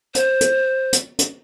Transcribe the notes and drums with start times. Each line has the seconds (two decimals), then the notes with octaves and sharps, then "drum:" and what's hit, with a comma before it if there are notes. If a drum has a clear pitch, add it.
0.15 C5, drum: hi-hat
0.41 drum: hi-hat
0.93 drum: hi-hat
1.19 drum: hi-hat